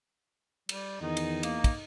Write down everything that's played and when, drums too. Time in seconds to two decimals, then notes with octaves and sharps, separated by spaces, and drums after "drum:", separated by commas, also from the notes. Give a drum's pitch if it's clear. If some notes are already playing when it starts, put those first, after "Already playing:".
0.69 G3, drum: cymbal
1.01 E2 D#3 D#4
1.17 drum: cymbal
1.43 A#3, drum: cymbal
1.64 drum: kick, cymbal